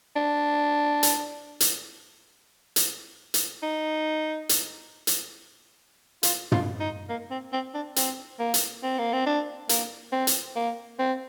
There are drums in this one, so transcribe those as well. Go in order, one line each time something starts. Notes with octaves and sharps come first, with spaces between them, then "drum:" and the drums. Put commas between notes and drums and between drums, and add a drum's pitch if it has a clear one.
D4
drum: hi-hat
drum: hi-hat
drum: hi-hat
drum: hi-hat
D#4
drum: hi-hat
drum: hi-hat
F4, drum: hi-hat
F4, drum: tom
D#4
A#3
C4
C4
D4
C4, drum: hi-hat
A#3
drum: hi-hat
C4
A#3
C4
D4
A#3, drum: hi-hat
C4
drum: hi-hat
A#3
C4